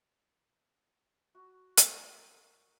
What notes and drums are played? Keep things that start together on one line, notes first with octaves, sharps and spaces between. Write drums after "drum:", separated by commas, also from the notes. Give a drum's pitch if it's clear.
F#4
A#4, drum: hi-hat